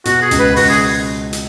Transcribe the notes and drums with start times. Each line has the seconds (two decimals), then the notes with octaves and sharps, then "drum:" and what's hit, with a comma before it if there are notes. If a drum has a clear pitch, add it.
0.05 B2 F#4, drum: hi-hat
0.22 G#4
0.31 C#2, drum: hi-hat
0.39 B4
0.56 C#2 F#4, drum: open hi-hat
0.69 G#4
1.33 drum: hi-hat